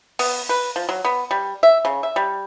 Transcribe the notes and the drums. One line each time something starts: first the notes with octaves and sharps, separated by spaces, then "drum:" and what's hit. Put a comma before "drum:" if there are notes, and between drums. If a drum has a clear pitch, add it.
B3, drum: open hi-hat
B4
F3
F#3
B3
G3
E5
C#3
E5
G3